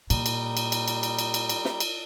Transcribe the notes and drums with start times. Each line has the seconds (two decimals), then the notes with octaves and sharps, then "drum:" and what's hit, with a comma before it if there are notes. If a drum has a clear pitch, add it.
0.10 A#2 G3 D#4, drum: cymbal
0.26 drum: cymbal
0.57 drum: cymbal
0.72 drum: cymbal
0.88 drum: cymbal
1.03 drum: cymbal
1.19 drum: cymbal
1.34 drum: cymbal
1.49 drum: cymbal
1.65 drum: snare
1.80 drum: cymbal